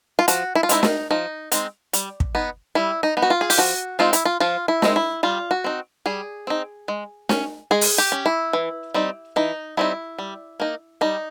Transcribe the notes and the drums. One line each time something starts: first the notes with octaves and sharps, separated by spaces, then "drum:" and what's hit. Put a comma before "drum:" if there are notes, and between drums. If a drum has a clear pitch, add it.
F4
F3 F#4, drum: hi-hat
E4
F4
G#3 C4 D#4 E4, drum: hi-hat
D#4, drum: snare
F3 D#4
G#3 C4 D#4, drum: hi-hat
G3, drum: hi-hat
drum: kick
B3 D#4
G3 E4
D#4
B3 D#4
F#4
F4
G#4
G4, drum: open hi-hat
F3 F#4
G#3 C4 D#4 F4
E4, drum: hi-hat
F4
F3 F4
E4
G#3 C4 D#4, drum: snare
E4
G3 F4
F#4
C4 D#4
G3 G#4
C4 D#4
G#3
C#4, drum: snare
G#3 G#4
drum: open hi-hat
G4
C#4
E4
E3
G3 C4 D#4
E3 D#4
G3 C4 D#4 E4
G3
A#3 D#4
G3 D#4